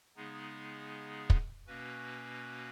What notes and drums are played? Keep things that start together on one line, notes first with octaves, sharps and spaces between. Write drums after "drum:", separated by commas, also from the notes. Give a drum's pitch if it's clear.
C#3 G#3 B3 D#4 G#4
drum: kick
B2 A#3 C#4 F#4 B4